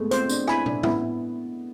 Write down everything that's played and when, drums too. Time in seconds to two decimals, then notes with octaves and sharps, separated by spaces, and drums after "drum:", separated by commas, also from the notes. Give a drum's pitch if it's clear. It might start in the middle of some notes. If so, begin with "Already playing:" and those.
Already playing: G#3 A3 B3
0.11 C4 C5, drum: hi-hat
0.29 D4, drum: tambourine
0.48 E4 G#5 B5, drum: rim click
0.66 D4, drum: tom
0.83 B3 E4, drum: tom